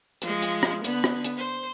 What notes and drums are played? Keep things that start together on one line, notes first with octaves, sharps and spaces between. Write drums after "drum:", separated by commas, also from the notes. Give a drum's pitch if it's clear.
F3 G#3, drum: hi-hat
drum: hi-hat
drum: rim click
D3 B3, drum: hi-hat
drum: rim click
drum: hi-hat
C5